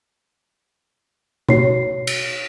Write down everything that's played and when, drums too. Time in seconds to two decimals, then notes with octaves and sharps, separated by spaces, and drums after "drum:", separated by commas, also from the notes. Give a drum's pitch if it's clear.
1.49 F#4 C#5 C7, drum: tom B2
2.07 drum: cymbal